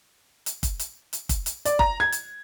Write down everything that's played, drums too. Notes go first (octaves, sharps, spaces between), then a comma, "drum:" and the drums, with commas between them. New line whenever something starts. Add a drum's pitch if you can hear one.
drum: hi-hat
drum: kick, hi-hat
drum: hi-hat
drum: hi-hat
drum: kick, hi-hat
drum: hi-hat
D5, drum: hi-hat
A#5, drum: kick
G#6
drum: hi-hat